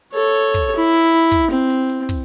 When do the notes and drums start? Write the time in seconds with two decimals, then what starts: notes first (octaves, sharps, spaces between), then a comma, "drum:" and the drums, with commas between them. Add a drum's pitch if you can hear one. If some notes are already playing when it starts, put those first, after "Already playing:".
0.13 A4 C#5
0.35 drum: hi-hat
0.54 drum: kick, open hi-hat
0.76 E4, drum: hi-hat
0.93 drum: hi-hat
1.12 drum: hi-hat
1.32 drum: kick, open hi-hat
1.51 C4, drum: hi-hat
1.70 drum: hi-hat
1.90 drum: hi-hat
2.09 drum: kick, open hi-hat